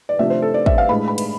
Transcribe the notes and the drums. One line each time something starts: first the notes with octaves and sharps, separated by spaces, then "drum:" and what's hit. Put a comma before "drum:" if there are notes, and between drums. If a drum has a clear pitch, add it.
D5
C3 F3 A3 D4 E5
C5
A4
D5
E5, drum: kick
F5
A2 G#3 D4 B5
B5
drum: cymbal